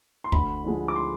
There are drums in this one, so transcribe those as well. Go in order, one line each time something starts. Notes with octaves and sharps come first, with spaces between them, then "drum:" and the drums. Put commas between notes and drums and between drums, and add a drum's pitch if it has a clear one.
C6
D2 B5, drum: kick
D3 F3 G#3
D6
C6